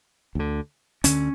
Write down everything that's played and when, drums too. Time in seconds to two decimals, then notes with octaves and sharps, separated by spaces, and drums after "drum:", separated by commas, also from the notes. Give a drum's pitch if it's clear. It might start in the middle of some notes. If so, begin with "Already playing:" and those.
0.35 D2 D3
1.04 D2 D3 C#4, drum: hi-hat